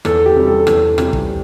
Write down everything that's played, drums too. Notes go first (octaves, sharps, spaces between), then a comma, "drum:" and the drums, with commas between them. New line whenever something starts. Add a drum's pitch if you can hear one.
E2 A4, drum: rim click
G4
C3 G3
A4
E2 A4, drum: rim click
C3 G3, drum: rim click
drum: kick